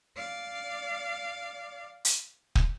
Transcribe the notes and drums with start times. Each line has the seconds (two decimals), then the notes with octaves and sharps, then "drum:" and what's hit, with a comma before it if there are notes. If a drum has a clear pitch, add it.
0.16 D5 F5
2.05 drum: hi-hat
2.55 drum: kick